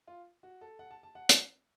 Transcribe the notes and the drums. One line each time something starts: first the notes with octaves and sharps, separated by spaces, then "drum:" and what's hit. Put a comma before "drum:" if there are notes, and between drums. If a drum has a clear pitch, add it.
F4
F#4
A4
F#5
A5
A5
F#5
drum: hi-hat